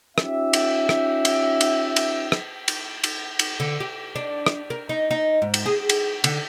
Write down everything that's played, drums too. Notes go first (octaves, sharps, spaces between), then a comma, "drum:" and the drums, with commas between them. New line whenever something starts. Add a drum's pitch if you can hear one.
C#4 D#4 F4 G4 E5, drum: rim click
drum: cymbal
drum: rim click
drum: cymbal
drum: cymbal
drum: cymbal
drum: rim click
drum: cymbal
drum: cymbal
drum: cymbal
D3
G4
D4
drum: rim click
A#4
D#4
D#4
G#2
drum: cymbal
G#4
drum: cymbal
D3, drum: cymbal